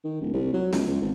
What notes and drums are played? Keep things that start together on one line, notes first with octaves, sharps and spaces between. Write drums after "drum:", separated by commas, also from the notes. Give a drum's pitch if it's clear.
D#3
D1
C2
F#3
C#2, drum: snare
C#2
G#1